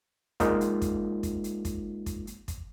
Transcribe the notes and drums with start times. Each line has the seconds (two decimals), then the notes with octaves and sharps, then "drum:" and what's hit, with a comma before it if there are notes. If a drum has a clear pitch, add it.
0.40 G#3 A#3 D#4 F4, drum: kick, hi-hat
0.61 drum: hi-hat
0.82 drum: kick, hi-hat
1.23 drum: kick, hi-hat
1.44 drum: hi-hat
1.65 drum: kick, hi-hat
2.06 drum: kick, hi-hat
2.27 drum: hi-hat
2.48 drum: kick, hi-hat